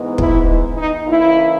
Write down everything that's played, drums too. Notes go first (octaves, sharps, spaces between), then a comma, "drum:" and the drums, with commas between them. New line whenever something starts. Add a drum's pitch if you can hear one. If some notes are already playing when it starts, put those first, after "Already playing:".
Already playing: G#2 E3 B3 D#4
E4, drum: kick
D#4
C#3 E3 A#3 C#4 E4